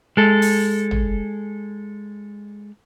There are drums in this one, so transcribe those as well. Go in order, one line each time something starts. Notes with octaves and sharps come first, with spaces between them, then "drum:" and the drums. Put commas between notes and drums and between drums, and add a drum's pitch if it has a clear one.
G#3 A4
drum: open hi-hat
drum: tom